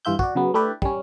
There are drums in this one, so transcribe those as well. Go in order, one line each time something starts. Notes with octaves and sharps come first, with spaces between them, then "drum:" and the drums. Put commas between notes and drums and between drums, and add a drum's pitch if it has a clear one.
G2 E3 F4 E5 G6
F#4 D5, drum: kick
C#3 F#3 B3
A3 D4 E4 G4 B4 D5
G3 C#4, drum: kick